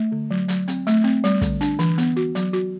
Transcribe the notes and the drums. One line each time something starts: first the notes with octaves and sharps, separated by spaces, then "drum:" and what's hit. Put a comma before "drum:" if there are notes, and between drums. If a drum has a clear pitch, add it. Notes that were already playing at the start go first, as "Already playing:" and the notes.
Already playing: A3
D3
F#3
F#3, drum: hi-hat
C4, drum: hi-hat
A3, drum: hi-hat
C4
G3, drum: hi-hat
D3, drum: kick, hi-hat
D4, drum: hi-hat
E3, drum: hi-hat
B3, drum: hi-hat
F#4
F#3, drum: hi-hat
F#4